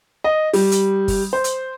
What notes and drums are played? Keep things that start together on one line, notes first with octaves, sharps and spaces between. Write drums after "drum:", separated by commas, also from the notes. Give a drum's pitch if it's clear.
D#5
G3, drum: open hi-hat
drum: hi-hat
drum: kick F#1, open hi-hat
C5
drum: hi-hat